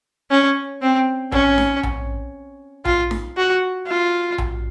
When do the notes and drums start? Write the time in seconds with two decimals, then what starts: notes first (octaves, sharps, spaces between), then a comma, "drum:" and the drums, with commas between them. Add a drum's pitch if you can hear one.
0.31 C#4
0.82 C4
1.32 C#4, drum: tom A#1
1.58 drum: snare D#4
1.83 drum: tom A#1
2.85 F4, drum: tom A#1
3.11 drum: snare D#4
3.37 F#4
3.87 F4
4.38 drum: tom A#1